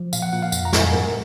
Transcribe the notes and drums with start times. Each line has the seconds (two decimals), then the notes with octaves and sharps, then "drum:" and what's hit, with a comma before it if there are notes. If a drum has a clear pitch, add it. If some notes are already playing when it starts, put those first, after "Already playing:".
Already playing: F3
0.13 A#2 F5, drum: tambourine
0.22 F#5
0.33 A#2 F#5
0.43 F5
0.52 F2 F#5, drum: tambourine
0.65 A#5
0.73 F2, drum: snare
0.80 G#5
0.93 G#2 A#4